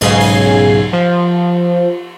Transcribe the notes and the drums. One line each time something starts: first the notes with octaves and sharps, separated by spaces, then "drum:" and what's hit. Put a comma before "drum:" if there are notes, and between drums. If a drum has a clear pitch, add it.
B1 G#2 C#3 G#5 C7, drum: cymbal
drum: open hi-hat
F3